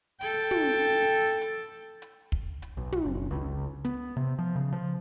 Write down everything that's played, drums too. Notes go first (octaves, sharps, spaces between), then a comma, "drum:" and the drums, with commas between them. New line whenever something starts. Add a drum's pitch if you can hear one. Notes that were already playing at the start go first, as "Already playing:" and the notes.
A4 G5, drum: hi-hat
drum: tom
drum: hi-hat
drum: hi-hat
drum: kick
drum: hi-hat
B1
drum: tom
F#1
C#2
B3, drum: hi-hat
C3
F3
C#3
F3